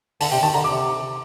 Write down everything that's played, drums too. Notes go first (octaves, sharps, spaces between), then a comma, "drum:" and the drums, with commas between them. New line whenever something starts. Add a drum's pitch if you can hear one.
D3 A5, drum: open hi-hat
C3 G5
D#3 A5
D3 A#5
C3 D6